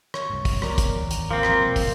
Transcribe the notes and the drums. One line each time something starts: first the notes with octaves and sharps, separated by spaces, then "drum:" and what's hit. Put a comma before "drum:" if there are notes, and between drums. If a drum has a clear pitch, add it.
C#5, drum: rim click
C2 G2
drum: kick, open hi-hat
F1 F3 B3 A#4 D5, drum: rim click
drum: kick, hi-hat
G#1 D#2 E3
drum: hi-hat
F3 A#3 C4
drum: rim click
E1 C2
drum: kick, open hi-hat